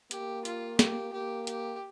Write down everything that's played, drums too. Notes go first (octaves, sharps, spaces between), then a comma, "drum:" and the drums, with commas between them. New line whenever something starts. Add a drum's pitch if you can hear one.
A#3 G4, drum: hi-hat
F4, drum: hi-hat
G4, drum: snare
A#3 G4
G4, drum: hi-hat